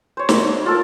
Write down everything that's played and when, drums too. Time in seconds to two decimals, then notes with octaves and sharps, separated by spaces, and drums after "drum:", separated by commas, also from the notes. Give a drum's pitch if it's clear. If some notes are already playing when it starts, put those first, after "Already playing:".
0.17 C5 C#5
0.29 drum: snare
0.66 F4 A4 A#4